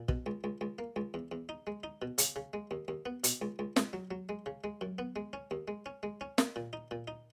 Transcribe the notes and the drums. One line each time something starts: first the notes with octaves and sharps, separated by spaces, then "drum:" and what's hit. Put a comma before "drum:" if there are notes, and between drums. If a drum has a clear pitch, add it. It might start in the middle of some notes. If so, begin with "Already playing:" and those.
Already playing: A#2
B2, drum: kick
C#2
C#2
C#2
A#3
C#2
E2
E2
D#4
G#3
D#4
B2
C#3, drum: hi-hat
C#3
G#3
D#2
D#2
B3
B2, drum: hi-hat
C#2
C#2
C#2, drum: snare
F#3
F#3
G#3
C#3
G#3
F#2
B3
G#3
C#4
D#2
G#3
C#4
G#3
C#4
A#3, drum: snare
A#2
D#4
A#2
D#4